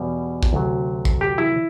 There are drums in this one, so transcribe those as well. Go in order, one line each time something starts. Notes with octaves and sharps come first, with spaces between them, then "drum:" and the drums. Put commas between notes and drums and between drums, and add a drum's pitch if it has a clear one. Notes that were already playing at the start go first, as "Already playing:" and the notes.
Already playing: E2 B2 G3
drum: kick
D2 C3 F#3
drum: kick
G4
E4